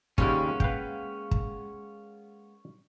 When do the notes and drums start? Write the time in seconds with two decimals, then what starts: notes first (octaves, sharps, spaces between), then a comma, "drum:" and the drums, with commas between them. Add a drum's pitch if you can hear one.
0.18 D#2 C#3 G3 G#3 A#3 B3 C#4, drum: kick
0.60 B4 F5 G5, drum: kick
1.31 drum: kick